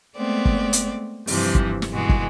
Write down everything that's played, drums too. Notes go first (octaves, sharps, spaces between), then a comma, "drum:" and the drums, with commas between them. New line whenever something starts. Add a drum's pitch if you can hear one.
G#3 A3 B3 C4 D5
drum: kick
drum: hi-hat
G2 C3 E3 F3, drum: open hi-hat
drum: kick
drum: snare
G2 B2 E3 G#3 F#4
drum: kick